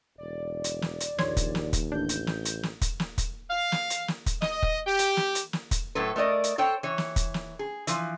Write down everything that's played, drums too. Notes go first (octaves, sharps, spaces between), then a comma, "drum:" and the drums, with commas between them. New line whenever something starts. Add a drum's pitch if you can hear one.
E1 D5
drum: hi-hat
drum: snare
drum: hi-hat
A#1 D#2 C#5 C6 G#6, drum: snare
drum: kick, hi-hat
drum: snare
drum: kick, hi-hat
A1 D4 G6
drum: hi-hat
drum: snare
drum: hi-hat
drum: snare
drum: kick, hi-hat
drum: snare
drum: kick, hi-hat
F5
drum: snare
drum: hi-hat
drum: snare
drum: kick, hi-hat
D#5, drum: snare
drum: kick
G4
drum: hi-hat
drum: snare
drum: hi-hat
drum: snare
drum: kick, hi-hat
A2 F#3 A4 B4
A3 A#4 D5 D#5
drum: hi-hat
A4 C5 C#5 G5
E3 C#5
drum: snare
drum: kick, hi-hat
drum: snare
G#4
E3 F3, drum: hi-hat